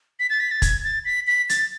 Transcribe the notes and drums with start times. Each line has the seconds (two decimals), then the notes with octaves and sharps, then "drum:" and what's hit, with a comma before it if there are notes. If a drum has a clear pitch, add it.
0.20 B6
0.30 A6
0.40 B6
0.51 A6
0.62 G#6, drum: kick, hi-hat
0.84 A6
1.05 B6
1.27 B6
1.49 A6, drum: hi-hat